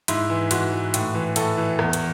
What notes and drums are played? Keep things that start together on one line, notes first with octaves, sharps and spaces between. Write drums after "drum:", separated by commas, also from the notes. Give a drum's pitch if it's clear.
G#2 E4, drum: hi-hat
E3
G#2 F#4, drum: hi-hat
E3
A2, drum: hi-hat
E3
A2 A4, drum: hi-hat
E3
E2, drum: rim click
drum: hi-hat